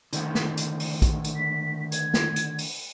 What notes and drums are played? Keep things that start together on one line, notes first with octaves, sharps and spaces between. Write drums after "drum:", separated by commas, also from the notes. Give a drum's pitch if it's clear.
D3 D#3 A3, drum: hi-hat
drum: snare
drum: hi-hat
drum: open hi-hat
drum: kick A#1, hi-hat
drum: hi-hat
B6
G#6, drum: hi-hat
drum: snare
drum: hi-hat
drum: open hi-hat